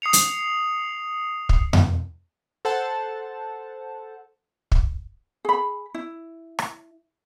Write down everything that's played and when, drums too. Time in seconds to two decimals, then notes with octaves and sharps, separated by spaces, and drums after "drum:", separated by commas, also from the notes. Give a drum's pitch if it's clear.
0.02 D#6 C7 C#7 F7
0.13 drum: hi-hat
1.49 drum: kick
1.73 drum: tom F2
2.65 A4 C5 F#5 A5
4.72 drum: kick
5.45 G#4 B5
5.94 E4
6.59 drum: rim click